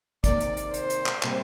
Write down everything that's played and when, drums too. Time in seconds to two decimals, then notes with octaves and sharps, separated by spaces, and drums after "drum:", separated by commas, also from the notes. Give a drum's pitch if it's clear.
0.24 C3 D#3 A#3 D5, drum: kick, hi-hat
0.40 drum: hi-hat
0.57 drum: hi-hat
0.74 C5, drum: hi-hat
0.90 drum: hi-hat
1.06 drum: clap
1.23 C3 G3 A#3, drum: clap